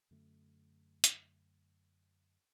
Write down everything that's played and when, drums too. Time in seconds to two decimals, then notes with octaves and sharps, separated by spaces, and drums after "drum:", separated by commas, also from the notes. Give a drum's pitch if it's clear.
0.11 F#2 D3 A3
1.04 drum: hi-hat